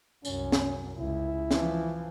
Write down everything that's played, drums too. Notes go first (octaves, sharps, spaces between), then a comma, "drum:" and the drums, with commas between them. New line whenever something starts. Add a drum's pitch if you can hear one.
C2 F#2 C#4, drum: tambourine
drum: snare
C#2 E4
E3 F3, drum: snare